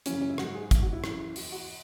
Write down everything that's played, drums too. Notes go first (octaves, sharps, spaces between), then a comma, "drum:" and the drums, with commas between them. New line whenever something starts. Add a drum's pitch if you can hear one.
F#2 C#3 E3 C#4, drum: hi-hat
C#4
E4
G#2 F#3 F#4, drum: rim click
G#4
G#2 F#3, drum: kick, hi-hat
F#4
E4
F#2 E3, drum: rim click
E2 E3 F#4, drum: open hi-hat
F#4